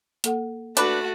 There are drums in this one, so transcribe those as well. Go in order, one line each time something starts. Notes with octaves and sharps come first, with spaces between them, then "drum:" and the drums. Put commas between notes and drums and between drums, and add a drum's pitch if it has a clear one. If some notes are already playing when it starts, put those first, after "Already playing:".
A#3 A4 F#5, drum: hi-hat
A3 D4 F#4 B4, drum: hi-hat